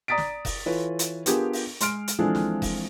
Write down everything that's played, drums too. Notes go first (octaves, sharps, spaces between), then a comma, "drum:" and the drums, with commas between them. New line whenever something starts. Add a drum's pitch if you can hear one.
D5 A#5 D#6 A6 B6 D7
drum: snare
drum: kick F1, open hi-hat
E3 F4 A4 B4 C#5
drum: hi-hat
B3 D4 F4 G4 G#4 A#4, drum: hi-hat
drum: open hi-hat
G#3 C6 F6 D7, drum: hi-hat
drum: hi-hat
E3 F3 G#3 C4 D4 A4
drum: snare
drum: kick F1, open hi-hat